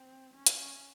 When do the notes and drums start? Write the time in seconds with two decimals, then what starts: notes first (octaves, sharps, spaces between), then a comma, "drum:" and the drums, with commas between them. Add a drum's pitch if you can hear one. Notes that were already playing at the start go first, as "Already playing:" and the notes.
Already playing: C4
0.35 C#4
0.46 drum: hi-hat